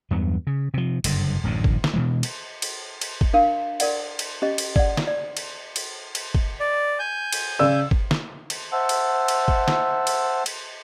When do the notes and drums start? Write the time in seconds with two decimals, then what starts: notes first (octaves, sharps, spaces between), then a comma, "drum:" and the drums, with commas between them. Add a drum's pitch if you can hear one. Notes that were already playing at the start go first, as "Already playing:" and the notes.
0.11 E2 G2 F#3 B3
0.47 C#3
0.74 C3 F3
1.04 F#1 G2 D3, drum: cymbal
1.44 D1 A1 F#2 D3
1.64 drum: kick G1
1.84 drum: snare
1.94 B2 E3 G#3
2.23 drum: cymbal
2.62 drum: cymbal
3.01 drum: cymbal
3.21 drum: kick G1
3.34 D4 A#4 F5
3.80 A#4 D5 F#5, drum: cymbal
4.19 drum: cymbal
4.42 C#4 G4 D#5
4.58 drum: cymbal
4.76 D5 F#5, drum: kick G1
4.97 drum: snare
5.07 D5
5.37 drum: cymbal
5.76 drum: cymbal
6.15 drum: cymbal
6.35 drum: kick G1
6.60 D5
6.99 G#5 G6
7.33 drum: cymbal
7.59 C#3 D5 E6
7.91 drum: kick G1
8.11 drum: snare
8.50 drum: cymbal
8.72 C5 E5 F#5 A5 E6
8.89 drum: cymbal
9.28 drum: cymbal
9.48 drum: kick G1
9.68 drum: snare
10.07 drum: cymbal
10.46 drum: cymbal